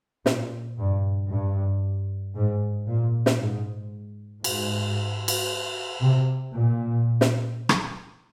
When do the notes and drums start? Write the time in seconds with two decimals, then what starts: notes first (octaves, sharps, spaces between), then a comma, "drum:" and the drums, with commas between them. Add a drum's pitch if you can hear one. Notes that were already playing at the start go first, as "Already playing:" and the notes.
0.26 A#2, drum: snare
0.78 G2
1.30 G2
2.35 G#2
2.87 A#2
3.26 drum: snare
3.39 G#2
4.44 G#2, drum: cymbal
5.28 drum: cymbal
6.00 C3
6.52 A#2
7.21 drum: snare
7.69 drum: rim click